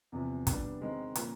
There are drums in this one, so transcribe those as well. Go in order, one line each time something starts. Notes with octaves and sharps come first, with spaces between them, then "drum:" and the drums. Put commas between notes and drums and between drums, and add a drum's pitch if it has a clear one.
E2 C3 F3
G3 B3 D4, drum: kick, hi-hat
D#3 G#3 C4
A#2 F3 A#3 C#4, drum: hi-hat